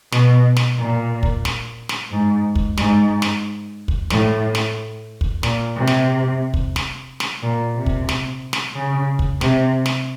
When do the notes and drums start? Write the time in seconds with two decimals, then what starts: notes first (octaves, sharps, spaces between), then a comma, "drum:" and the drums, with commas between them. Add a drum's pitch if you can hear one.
0.12 B2, drum: snare
0.56 drum: snare
0.79 A#2
1.23 drum: kick
1.45 drum: snare
1.89 drum: snare
2.11 G#2
2.56 drum: kick
2.77 G#2, drum: snare
3.22 drum: snare
3.88 drum: kick
4.10 A2, drum: snare
4.55 drum: snare
5.21 drum: kick
5.43 A#2, drum: snare
5.76 C3
5.87 drum: snare
6.54 drum: kick
6.76 drum: snare
7.20 drum: snare
7.43 A#2
7.75 C3
7.86 drum: kick
8.09 drum: snare
8.53 drum: snare
8.75 C#3
9.19 drum: kick
9.41 C3, drum: snare
9.86 drum: snare